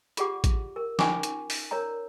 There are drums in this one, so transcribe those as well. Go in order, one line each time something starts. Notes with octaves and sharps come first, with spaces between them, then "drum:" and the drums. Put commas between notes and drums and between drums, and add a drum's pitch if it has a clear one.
F4 G4 G#4 D5 F#5 D6, drum: hi-hat
drum: kick A1, hi-hat
A#4
C#4 D#4 F4 G#5 C#6 D6, drum: snare
drum: hi-hat
drum: open hi-hat
A#4 C#5 D5 A#5